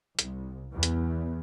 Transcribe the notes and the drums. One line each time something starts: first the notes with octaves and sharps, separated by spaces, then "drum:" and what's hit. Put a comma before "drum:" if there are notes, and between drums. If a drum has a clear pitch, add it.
C2, drum: hi-hat
E2
drum: hi-hat